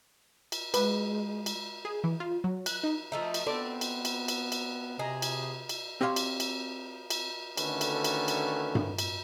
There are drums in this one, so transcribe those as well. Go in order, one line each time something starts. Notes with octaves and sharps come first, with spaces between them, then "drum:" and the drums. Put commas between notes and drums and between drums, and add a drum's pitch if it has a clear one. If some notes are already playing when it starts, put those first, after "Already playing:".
drum: cymbal
G#3 B4, drum: cymbal
drum: cymbal
G#4
E3
F4
F#3
F#6, drum: cymbal
D#4
F3 A3 D#4 E5
drum: cymbal
B3 C4 A4 D5 D6
drum: cymbal
drum: cymbal
drum: cymbal
drum: cymbal
C3 G#4 D#5 A#5
drum: cymbal
drum: cymbal
C4 G4 C#5 F5 C6
drum: cymbal
drum: cymbal
drum: cymbal
D3 D#3 A3 C#4 B4, drum: cymbal
drum: cymbal
drum: cymbal
drum: cymbal
drum: tom G2
drum: cymbal